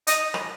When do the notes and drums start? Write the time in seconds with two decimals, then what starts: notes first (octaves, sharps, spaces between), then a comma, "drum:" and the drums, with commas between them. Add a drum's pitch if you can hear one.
0.07 D#5, drum: hi-hat
0.34 drum: rim click